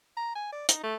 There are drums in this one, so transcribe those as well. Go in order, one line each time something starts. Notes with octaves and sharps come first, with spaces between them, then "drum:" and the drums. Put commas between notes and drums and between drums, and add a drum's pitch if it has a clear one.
A#5
G#5
D5
D#4, drum: hi-hat
A3